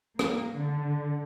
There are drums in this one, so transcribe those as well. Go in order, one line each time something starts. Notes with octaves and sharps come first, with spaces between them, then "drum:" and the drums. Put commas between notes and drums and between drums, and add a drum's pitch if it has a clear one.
A#3, drum: rim click
D3